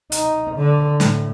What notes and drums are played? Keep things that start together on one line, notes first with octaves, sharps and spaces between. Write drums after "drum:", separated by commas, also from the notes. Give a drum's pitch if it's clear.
D#4, drum: hi-hat
D3
A2, drum: snare